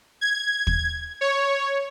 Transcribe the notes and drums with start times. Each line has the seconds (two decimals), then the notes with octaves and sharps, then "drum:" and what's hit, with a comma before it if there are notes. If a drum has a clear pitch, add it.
0.21 G#6
0.67 drum: kick
1.21 C#5